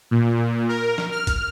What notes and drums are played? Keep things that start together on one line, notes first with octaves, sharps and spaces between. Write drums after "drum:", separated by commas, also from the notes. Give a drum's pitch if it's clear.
A#2
A#4
drum: snare
F6
drum: kick, hi-hat